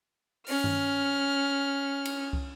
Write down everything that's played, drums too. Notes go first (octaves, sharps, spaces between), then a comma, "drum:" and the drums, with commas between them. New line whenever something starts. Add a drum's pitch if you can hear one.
C#4 F6, drum: open hi-hat
drum: tom G2
drum: cymbal
drum: kick